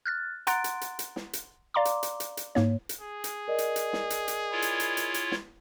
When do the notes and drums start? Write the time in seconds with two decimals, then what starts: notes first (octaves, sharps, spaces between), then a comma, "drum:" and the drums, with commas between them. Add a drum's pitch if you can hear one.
0.06 F6 F#6 A6
0.47 F#5 A#5 C6 F#6 A6 D7, drum: hi-hat
0.64 drum: hi-hat
0.81 drum: hi-hat
0.99 drum: hi-hat
1.16 drum: snare
1.33 drum: hi-hat
1.74 D5 F5 A#5 C6 D6
1.85 drum: hi-hat
2.03 drum: hi-hat
2.20 drum: hi-hat
2.37 drum: hi-hat
2.55 G#2 A#3 C#5, drum: snare
2.89 drum: hi-hat
3.01 G#4
3.24 drum: hi-hat
3.48 A#4 D5 D#5
3.58 drum: hi-hat
3.76 drum: hi-hat
3.93 drum: snare
4.10 drum: hi-hat
4.28 drum: hi-hat
4.52 E4 F4 C#5
4.62 drum: hi-hat
4.80 drum: hi-hat
4.97 drum: hi-hat
5.14 drum: hi-hat
5.32 drum: snare